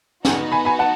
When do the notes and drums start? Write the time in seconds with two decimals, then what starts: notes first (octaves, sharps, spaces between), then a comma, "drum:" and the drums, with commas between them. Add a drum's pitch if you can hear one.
0.25 B3 D#4 F#4, drum: snare
0.52 G#5 B5
0.65 G#5 B5
0.79 F#5 A5